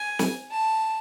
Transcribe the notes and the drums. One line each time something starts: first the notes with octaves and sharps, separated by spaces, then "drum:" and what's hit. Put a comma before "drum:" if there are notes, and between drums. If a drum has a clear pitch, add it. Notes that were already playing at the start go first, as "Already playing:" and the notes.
Already playing: G#5
drum: snare
A5